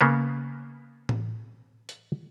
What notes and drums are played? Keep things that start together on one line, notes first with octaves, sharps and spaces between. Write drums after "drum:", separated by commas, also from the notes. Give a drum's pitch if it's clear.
C#3 A#3 B3
drum: tom A2
drum: hi-hat